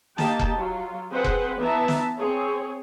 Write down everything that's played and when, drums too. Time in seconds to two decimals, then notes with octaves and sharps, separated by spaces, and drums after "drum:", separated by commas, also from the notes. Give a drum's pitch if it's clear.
0.18 A#3 D#4 G4 G5 A5, drum: snare
0.39 drum: kick F1
0.55 F#3 F4
1.10 C4 G#4 B4 C5 F#5
1.24 drum: kick F1
1.59 E3 B3 E5 A5 A#5
1.88 drum: snare
2.16 C4 G#4 C#5